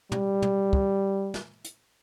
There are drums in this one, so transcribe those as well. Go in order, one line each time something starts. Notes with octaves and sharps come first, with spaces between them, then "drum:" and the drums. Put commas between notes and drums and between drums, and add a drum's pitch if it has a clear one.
G3, drum: tom
drum: tom
drum: kick
drum: snare
drum: hi-hat